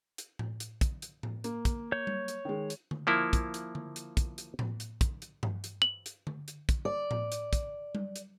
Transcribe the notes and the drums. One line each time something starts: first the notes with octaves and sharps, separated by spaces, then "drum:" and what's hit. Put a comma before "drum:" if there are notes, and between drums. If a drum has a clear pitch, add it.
drum: hi-hat
drum: tom A2
drum: hi-hat
drum: kick, hi-hat
drum: hi-hat
drum: tom A2
A#3, drum: hi-hat
drum: kick, hi-hat
C#5 G6
drum: tom G3
drum: hi-hat
D#3 G#3
drum: hi-hat
drum: tom D3
F3 A#3 E4
drum: kick, hi-hat
drum: hi-hat
drum: tom D3
drum: hi-hat
drum: kick, hi-hat
drum: hi-hat
drum: tom A2
drum: hi-hat
drum: kick, hi-hat
drum: hi-hat
drum: tom G2
drum: hi-hat
F#7
drum: hi-hat
drum: tom D3
drum: hi-hat
drum: kick, hi-hat
D5
drum: tom A2
drum: hi-hat
drum: kick, hi-hat
drum: tom G3
drum: hi-hat